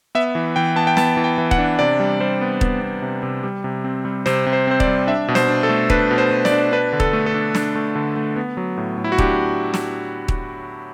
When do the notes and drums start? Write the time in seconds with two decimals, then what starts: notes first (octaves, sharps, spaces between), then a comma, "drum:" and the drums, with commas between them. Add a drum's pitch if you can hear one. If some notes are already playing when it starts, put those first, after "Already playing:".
0.15 B3 E5
0.35 E3
0.56 E3 G5
0.76 B3 A5
0.87 G5
0.97 B3 A5, drum: snare
1.17 E3
1.24 G5
1.38 E3
1.51 F#5, drum: kick D#1
1.58 D4
1.79 C3 D5
2.00 G3
2.20 G3 C5
2.41 B3
2.61 B3, drum: kick D#1
2.82 B3
3.02 C3
3.23 C3
3.43 G3
3.64 C3
3.84 C4
4.05 G3
4.26 C3 C5, drum: snare
4.46 C3
4.53 C5
4.67 C4 C5
4.80 D5, drum: kick D#1
4.87 G3
5.07 D4 E5
5.28 B2
5.35 C5, drum: snare
5.48 D4
5.63 A4
5.69 A3
5.90 D4 B4, drum: kick D#1
6.11 B2
6.18 C5
6.31 B2
6.45 D5, drum: snare
6.52 D4
6.72 D4 B4
6.93 D3
7.00 A4, drum: kick D#1
7.13 A3
7.26 A4
7.34 D4
7.55 D4, drum: snare
7.76 A3
7.96 D3
8.16 A3
8.36 B3
8.57 F#3
8.78 A2
8.98 A2
9.04 E4
9.12 F#4
9.18 D4 G4, drum: kick D#1
9.74 drum: snare
10.28 drum: kick D#1